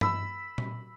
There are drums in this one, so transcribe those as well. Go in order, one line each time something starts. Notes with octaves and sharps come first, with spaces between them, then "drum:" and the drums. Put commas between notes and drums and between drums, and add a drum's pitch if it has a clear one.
B5 E6, drum: tom G2
drum: tom A#2